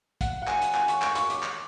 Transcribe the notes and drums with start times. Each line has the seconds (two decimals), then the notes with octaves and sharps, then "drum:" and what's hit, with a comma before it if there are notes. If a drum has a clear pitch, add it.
0.21 F#5, drum: kick, hi-hat
0.42 F#5
0.47 G#5, drum: clap
0.62 drum: hi-hat
0.75 G#5, drum: clap
0.88 C#6, drum: hi-hat
1.02 C#6, drum: clap
1.15 C#6, drum: hi-hat
1.30 D6, drum: hi-hat
1.43 drum: clap